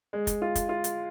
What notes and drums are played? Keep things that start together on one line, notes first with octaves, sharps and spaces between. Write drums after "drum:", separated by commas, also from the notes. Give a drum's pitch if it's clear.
G#3
drum: kick, hi-hat
F4
drum: kick, hi-hat
F4
drum: hi-hat